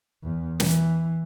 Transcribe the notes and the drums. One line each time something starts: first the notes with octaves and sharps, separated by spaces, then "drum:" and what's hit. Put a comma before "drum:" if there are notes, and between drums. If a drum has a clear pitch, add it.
E2
E3, drum: snare